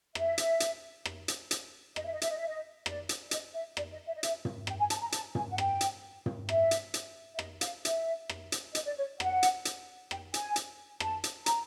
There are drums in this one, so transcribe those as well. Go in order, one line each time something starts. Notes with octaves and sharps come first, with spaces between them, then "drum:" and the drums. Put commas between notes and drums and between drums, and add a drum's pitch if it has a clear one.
E5, drum: rim click
drum: hi-hat
drum: hi-hat
drum: rim click
drum: hi-hat
drum: hi-hat
D#5, drum: rim click
E5
D#5
E5, drum: hi-hat
D#5
E5
D#5
D5, drum: rim click
drum: hi-hat
D#5, drum: hi-hat
E5
D5, drum: rim click
D#5
E5
D#5
E5, drum: hi-hat
drum: tom
G5, drum: rim click
G#5
A5, drum: hi-hat
A#5
A5, drum: hi-hat
G#5, drum: tom
F#5
G5, drum: rim click
drum: hi-hat
drum: tom
E5, drum: rim click
drum: hi-hat
drum: hi-hat
E5
D#5, drum: rim click
F5, drum: hi-hat
E5, drum: hi-hat
drum: rim click
drum: hi-hat
D#5, drum: hi-hat
D5
C#5
F#5, drum: rim click
drum: hi-hat
drum: hi-hat
G5, drum: rim click
G#5, drum: hi-hat
drum: hi-hat
A5, drum: rim click
drum: hi-hat
A#5, drum: hi-hat